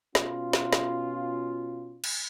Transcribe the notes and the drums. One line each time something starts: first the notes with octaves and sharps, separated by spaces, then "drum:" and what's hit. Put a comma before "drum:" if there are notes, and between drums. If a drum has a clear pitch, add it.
B2 C#4 F4, drum: snare
drum: snare
drum: snare
drum: cymbal